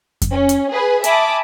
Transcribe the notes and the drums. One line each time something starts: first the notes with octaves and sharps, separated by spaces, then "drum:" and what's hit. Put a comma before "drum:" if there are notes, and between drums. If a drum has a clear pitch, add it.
drum: kick F2, hi-hat
C#4
drum: hi-hat
G#4 B4 G#5
E5 G#5 A5 B5 D6 D#6, drum: hi-hat